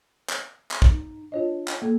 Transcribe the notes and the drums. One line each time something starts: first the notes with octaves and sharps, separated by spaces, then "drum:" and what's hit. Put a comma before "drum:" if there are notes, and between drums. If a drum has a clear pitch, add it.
drum: clap
drum: clap
D#4, drum: kick
D4 F4 C#5 D#5
drum: clap
A#3 A4